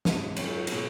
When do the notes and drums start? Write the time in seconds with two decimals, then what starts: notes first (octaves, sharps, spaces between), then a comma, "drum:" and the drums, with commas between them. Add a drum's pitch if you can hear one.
0.05 G#2 E3 G#3, drum: snare
0.37 F#2 D#3 F#3 C#4, drum: cymbal
0.67 B2 G#3 C#4 F#4, drum: cymbal